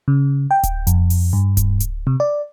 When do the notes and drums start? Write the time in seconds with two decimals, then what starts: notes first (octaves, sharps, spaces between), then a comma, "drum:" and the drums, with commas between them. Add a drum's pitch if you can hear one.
0.08 C#3
0.51 G5
0.63 drum: kick D1, hi-hat
0.87 F2, drum: hi-hat
1.10 drum: open hi-hat
1.33 G2
1.57 drum: kick D1, hi-hat
1.80 drum: hi-hat
2.07 C3
2.20 D5